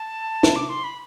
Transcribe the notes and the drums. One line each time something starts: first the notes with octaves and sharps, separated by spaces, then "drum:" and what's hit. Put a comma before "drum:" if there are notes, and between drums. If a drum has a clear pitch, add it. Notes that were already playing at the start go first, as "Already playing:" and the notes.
Already playing: A5
drum: snare
D6
C6
B5